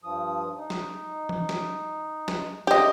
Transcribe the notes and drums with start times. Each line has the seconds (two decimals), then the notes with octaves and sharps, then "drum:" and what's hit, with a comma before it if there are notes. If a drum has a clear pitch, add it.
0.04 G2 F3 D#6
0.58 D#4
0.70 drum: snare
1.29 drum: tom E3
1.49 drum: snare
2.28 drum: snare
2.67 C#3 A3 G4 D#5